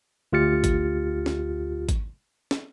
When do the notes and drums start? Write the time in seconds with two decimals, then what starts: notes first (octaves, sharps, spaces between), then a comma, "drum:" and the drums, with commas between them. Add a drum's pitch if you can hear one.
0.33 D2 F4 G4 F6 A6 C#7
0.64 drum: kick G#1, hi-hat
1.26 drum: snare
1.89 drum: kick G#1, hi-hat
2.51 drum: snare